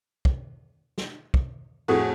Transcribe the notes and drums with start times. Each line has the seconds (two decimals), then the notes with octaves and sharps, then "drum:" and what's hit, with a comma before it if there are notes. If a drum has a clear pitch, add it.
0.25 drum: kick
0.98 drum: snare
1.34 drum: kick
1.88 F2 A2 A3 F#4 G#4